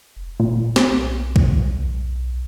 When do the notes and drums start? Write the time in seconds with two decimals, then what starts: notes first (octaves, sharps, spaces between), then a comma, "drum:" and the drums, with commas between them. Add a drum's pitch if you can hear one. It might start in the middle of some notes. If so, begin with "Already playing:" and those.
0.16 F1
0.40 A#2
0.76 drum: snare
0.91 B1
1.36 drum: kick